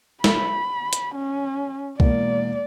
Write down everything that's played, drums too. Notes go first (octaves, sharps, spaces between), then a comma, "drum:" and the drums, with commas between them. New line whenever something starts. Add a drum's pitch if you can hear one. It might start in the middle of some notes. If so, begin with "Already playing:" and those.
B5, drum: snare
drum: hi-hat
C#4
E1 A#3 D5, drum: kick C2